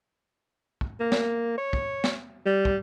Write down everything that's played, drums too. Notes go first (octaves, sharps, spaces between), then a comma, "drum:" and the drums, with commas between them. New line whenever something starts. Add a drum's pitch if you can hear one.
drum: kick
A#3
drum: snare
C#5
drum: kick
drum: snare
G3
drum: kick